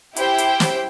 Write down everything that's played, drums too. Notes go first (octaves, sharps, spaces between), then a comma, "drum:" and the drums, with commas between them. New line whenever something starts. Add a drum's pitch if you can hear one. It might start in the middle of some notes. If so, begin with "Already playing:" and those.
E4 G4 C5 G5, drum: hi-hat
drum: hi-hat
drum: snare